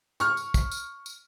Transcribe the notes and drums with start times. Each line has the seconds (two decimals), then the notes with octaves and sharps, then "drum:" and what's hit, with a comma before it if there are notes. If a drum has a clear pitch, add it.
0.20 C#6 F6, drum: tambourine
0.37 drum: tambourine
0.54 drum: kick, tambourine
0.71 drum: tambourine
1.06 drum: tambourine